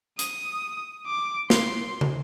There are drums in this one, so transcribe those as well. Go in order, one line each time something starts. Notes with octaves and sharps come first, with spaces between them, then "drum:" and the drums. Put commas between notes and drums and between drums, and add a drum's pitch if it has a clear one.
D#6, drum: hi-hat
D6
C6, drum: snare
drum: tom